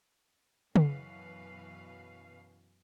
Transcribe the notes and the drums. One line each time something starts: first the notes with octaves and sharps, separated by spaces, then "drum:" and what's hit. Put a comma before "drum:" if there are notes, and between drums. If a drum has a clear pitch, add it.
F#2 B2 E3 B4 F5, drum: tom C#3